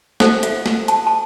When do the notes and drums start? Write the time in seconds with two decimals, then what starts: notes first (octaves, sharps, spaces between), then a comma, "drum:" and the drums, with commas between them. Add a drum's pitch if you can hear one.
0.20 D#4 A4 C5 F#5, drum: snare
0.43 E5, drum: hi-hat
0.66 F#5, drum: snare
0.88 A5, drum: hi-hat
1.07 A5